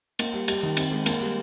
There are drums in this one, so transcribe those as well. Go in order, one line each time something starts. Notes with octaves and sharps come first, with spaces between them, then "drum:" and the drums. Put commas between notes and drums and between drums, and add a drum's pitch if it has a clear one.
A#3, drum: cymbal
G3
G3, drum: cymbal
D#3
C4, drum: cymbal
G#3
A#3, drum: cymbal
G3